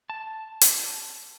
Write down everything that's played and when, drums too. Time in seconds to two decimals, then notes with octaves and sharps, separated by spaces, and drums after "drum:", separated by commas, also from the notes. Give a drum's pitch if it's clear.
0.10 A5
0.61 drum: hi-hat